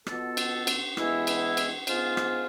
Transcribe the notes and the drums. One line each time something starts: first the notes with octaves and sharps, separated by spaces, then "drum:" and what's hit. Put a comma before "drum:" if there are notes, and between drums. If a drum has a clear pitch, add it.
B2 B3 F4 A4, drum: rim click
drum: cymbal
drum: cymbal
E3 G#3 B3 E4, drum: rim click
drum: cymbal
drum: cymbal
G#2 F3 B3 F4, drum: cymbal
drum: rim click